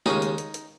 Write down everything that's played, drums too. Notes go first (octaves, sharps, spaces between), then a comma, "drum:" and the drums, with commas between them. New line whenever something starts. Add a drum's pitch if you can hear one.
D#2 C#3 G#3 D#4, drum: snare
drum: hi-hat
drum: hi-hat
drum: hi-hat